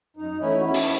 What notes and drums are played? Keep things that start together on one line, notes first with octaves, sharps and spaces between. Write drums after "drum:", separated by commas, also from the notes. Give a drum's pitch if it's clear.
F#2 D#4
E3 A3 C#4 E4
F#4
E2 C#4 E4
drum: open hi-hat